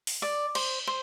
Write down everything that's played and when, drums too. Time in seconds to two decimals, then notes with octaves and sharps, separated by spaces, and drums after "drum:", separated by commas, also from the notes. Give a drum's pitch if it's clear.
0.07 drum: open hi-hat
0.22 D5
0.55 C5, drum: cymbal
0.87 C5